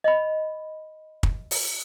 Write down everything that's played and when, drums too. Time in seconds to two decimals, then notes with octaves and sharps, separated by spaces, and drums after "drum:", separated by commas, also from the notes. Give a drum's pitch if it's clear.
0.04 D#5 B5
1.23 drum: kick
1.51 drum: open hi-hat